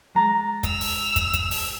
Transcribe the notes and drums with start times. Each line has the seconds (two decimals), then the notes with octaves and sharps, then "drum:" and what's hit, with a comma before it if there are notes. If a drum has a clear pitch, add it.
0.15 G#3 A#5 A6
0.63 E6 F7, drum: kick, hi-hat
0.81 drum: open hi-hat
1.16 drum: kick, hi-hat
1.33 drum: kick, hi-hat
1.51 drum: open hi-hat